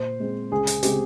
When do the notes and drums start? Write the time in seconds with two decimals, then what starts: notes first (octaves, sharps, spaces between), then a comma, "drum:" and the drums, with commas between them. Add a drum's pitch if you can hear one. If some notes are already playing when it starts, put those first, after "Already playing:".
Already playing: A#2 C5
0.20 G#3 C4
0.52 C#2 G#4
0.67 drum: hi-hat
0.83 C#3 G#3 C4 G4, drum: hi-hat